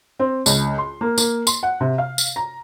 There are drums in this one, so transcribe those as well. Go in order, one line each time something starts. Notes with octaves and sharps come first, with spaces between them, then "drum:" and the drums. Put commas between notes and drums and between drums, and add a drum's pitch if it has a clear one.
C4
C#2, drum: tambourine
C6
A#3
A#3, drum: tambourine
C6, drum: tambourine
F#5
C3
F5
drum: tambourine
A#5